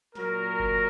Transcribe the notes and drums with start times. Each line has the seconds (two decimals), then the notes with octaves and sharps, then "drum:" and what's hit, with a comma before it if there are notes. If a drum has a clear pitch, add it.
0.15 A#2 F#3 A#4, drum: snare
0.59 drum: kick F#1